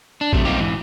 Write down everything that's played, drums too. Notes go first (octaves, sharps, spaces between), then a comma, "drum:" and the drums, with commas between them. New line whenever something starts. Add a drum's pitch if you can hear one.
D4
C3 F#3 A3, drum: kick A1
G3 A#3 C4 D#4 F4 G4
G#2 E3